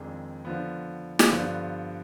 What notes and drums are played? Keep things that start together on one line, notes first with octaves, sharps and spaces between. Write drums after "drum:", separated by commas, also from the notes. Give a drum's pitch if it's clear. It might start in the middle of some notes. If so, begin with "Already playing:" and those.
Already playing: F2 D#3 G#3 D4
D3 F3 B3
drum: snare
G2 D3 F3 B3